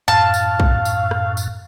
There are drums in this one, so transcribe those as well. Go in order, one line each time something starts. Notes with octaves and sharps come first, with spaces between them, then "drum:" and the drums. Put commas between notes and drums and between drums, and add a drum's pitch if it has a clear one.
F#2 A2 F5 A5
drum: tambourine
drum: kick
drum: tambourine
drum: rim click
drum: tambourine